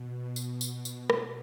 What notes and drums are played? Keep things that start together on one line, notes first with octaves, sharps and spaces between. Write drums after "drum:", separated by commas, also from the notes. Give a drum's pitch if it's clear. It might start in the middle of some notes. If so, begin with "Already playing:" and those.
Already playing: B2
B2, drum: tambourine
drum: tambourine
drum: tambourine
drum: rim click